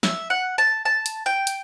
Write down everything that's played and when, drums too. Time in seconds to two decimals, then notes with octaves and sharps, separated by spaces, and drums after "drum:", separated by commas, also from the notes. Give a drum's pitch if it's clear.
0.03 E5, drum: snare
0.30 F#5
0.58 A5
0.85 A5
1.06 drum: hi-hat
1.26 G5
1.47 drum: hi-hat